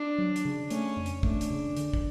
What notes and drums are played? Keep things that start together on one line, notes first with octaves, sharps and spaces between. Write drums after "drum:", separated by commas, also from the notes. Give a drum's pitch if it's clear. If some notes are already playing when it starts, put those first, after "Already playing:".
Already playing: D4
F#3
drum: hi-hat
C#3
A3 C#4, drum: hi-hat
F2
drum: hi-hat
A3 D4, drum: kick
drum: hi-hat
C#3
D3, drum: hi-hat
drum: kick